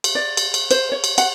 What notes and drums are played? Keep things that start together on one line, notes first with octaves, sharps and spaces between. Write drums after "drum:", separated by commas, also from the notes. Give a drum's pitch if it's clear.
drum: cymbal
D5
drum: cymbal
drum: cymbal
C5, drum: cymbal
C#5
drum: cymbal
F#5, drum: cymbal